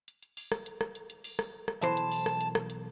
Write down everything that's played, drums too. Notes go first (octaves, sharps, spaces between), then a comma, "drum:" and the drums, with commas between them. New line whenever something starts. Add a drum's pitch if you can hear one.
drum: hi-hat
drum: hi-hat
drum: open hi-hat
drum: rim click
drum: hi-hat
drum: rim click
drum: hi-hat
drum: hi-hat
drum: open hi-hat
drum: rim click
drum: rim click
B1 E3 C5 A5, drum: hi-hat
drum: hi-hat
drum: open hi-hat
drum: rim click
drum: hi-hat
drum: rim click
drum: hi-hat